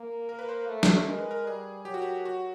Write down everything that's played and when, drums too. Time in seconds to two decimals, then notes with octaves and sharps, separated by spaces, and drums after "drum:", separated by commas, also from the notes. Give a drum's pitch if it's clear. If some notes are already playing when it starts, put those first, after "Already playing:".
Already playing: A#3
0.29 A#4
0.39 B4
0.49 C5
0.68 A3
0.83 drum: snare
1.07 G#3 A#4
1.18 B4
1.31 A#4
1.46 G3 G#4
1.85 F#3 G4
1.94 F#4
2.02 G4
2.25 F#4